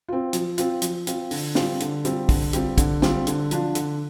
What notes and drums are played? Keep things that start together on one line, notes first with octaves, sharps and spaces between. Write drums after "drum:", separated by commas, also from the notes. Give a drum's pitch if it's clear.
C4 F4
F3, drum: hi-hat
C4 F4, drum: hi-hat
F3, drum: hi-hat
C4 F4, drum: hi-hat
D3, drum: open hi-hat
G3 C4 F4, drum: snare
D3, drum: hi-hat
G3 C4 F4, drum: hi-hat
D3, drum: kick, open hi-hat
G3 C4 F4, drum: hi-hat
D3, drum: kick, hi-hat
G3 C4 F4, drum: snare
D3, drum: hi-hat
F3 D4 F4, drum: hi-hat
D3, drum: hi-hat